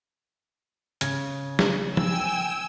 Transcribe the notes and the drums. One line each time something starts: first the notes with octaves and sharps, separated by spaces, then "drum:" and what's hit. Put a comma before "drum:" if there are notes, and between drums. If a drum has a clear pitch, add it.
C#3 G#6, drum: hi-hat
drum: snare
G5 G#5 E6, drum: tom